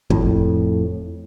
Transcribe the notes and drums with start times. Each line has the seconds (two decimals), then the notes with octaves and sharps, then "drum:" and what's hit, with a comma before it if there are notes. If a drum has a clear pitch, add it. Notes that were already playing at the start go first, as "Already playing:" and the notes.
0.10 F2 A2, drum: kick